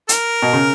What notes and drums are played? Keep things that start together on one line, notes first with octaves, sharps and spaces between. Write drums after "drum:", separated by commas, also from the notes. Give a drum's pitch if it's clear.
A#4, drum: hi-hat
B2
C#3